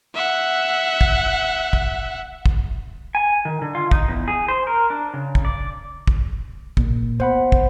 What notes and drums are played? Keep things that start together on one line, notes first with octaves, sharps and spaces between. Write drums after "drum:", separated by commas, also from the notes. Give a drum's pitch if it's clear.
E5 F#5
drum: kick
drum: kick
drum: kick
G#5
D#3
D3
F4
D#4, drum: kick
E2
G#4
C5
A#4
D4
C#3
drum: kick
D5
drum: kick
A#2, drum: kick
B3 C5 F#5 B5
drum: kick